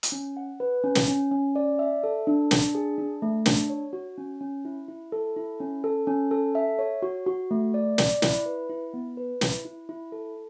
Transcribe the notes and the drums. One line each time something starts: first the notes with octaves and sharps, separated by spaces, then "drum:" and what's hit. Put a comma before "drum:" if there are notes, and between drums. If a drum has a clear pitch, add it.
drum: hi-hat
C#4
F#5
B4
C#4
drum: snare
C#4
C#4
D5
E5
A4
D4
D4, drum: snare
G#4
D4
A3
D4, drum: snare
C#5
F#4
C#4
C#4
E4
E4
A4
E4
C#4
A4
C#4
A4
E5
C#5
F#4
F#4
A3
D5
D5, drum: snare
E4, drum: snare
B4
E4
B3
B4
E4, drum: snare
E4
E4
A4